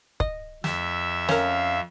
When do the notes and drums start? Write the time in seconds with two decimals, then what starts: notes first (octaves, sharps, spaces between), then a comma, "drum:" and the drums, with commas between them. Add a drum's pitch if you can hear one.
0.20 D#5, drum: kick
0.64 F2 E5, drum: snare
1.29 C#4 A#4 F5, drum: snare